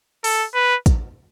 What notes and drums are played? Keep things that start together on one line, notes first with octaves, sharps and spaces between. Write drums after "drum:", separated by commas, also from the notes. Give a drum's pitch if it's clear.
A4, drum: open hi-hat
B4
drum: kick, hi-hat